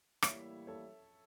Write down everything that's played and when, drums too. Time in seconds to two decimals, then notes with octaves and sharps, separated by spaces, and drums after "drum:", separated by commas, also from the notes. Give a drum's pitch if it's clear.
0.22 A2 E3 G3 A#3 E4 C#5 E5, drum: rim click
0.67 A4 C#5